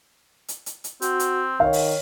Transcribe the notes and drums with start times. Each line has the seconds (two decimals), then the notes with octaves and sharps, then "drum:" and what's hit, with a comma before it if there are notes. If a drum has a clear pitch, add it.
0.48 drum: hi-hat
0.66 drum: hi-hat
0.84 drum: hi-hat
1.02 C4 F#4, drum: hi-hat
1.20 drum: hi-hat
1.60 D#3 C#5 F5
1.73 drum: open hi-hat